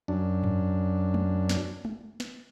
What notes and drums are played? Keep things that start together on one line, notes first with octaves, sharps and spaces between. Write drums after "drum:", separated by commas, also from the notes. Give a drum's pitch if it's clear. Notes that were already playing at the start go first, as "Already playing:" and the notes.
F#2 D4
drum: tom G2
drum: tom
drum: snare
drum: tom
drum: snare